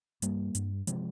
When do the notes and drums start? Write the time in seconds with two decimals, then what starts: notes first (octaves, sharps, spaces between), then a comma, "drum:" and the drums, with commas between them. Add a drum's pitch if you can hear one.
0.22 G2 G3 A#3, drum: hi-hat
0.55 G2, drum: hi-hat
0.87 C3 F3 G#3, drum: hi-hat